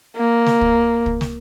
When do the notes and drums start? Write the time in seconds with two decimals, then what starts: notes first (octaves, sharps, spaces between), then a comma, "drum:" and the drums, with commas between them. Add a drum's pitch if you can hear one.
0.17 A#3
0.46 drum: snare
0.61 drum: kick
1.06 drum: kick
1.21 drum: snare